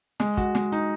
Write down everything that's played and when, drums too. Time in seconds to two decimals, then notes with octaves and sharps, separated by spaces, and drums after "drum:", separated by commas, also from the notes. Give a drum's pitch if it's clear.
0.20 G#3, drum: snare
0.37 F#4, drum: kick, hi-hat
0.55 G#3, drum: snare
0.72 D#4, drum: hi-hat